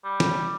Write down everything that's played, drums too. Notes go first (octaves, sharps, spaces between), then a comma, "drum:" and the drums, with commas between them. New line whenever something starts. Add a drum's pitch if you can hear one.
G3
drum: snare